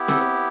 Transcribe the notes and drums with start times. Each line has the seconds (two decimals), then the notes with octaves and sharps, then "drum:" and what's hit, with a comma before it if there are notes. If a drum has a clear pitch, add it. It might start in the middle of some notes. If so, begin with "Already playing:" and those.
Already playing: B3 E4 G4
0.08 A4, drum: snare C4